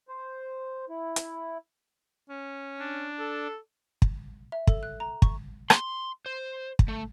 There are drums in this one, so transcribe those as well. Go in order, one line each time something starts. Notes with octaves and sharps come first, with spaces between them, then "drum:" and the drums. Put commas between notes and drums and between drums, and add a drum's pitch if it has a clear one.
C5
E4
drum: hi-hat
C#4
D4
A4
drum: kick
E5
A4, drum: kick
F#6
A#5
C#6, drum: kick
C6, drum: rim click
C5
drum: kick
A3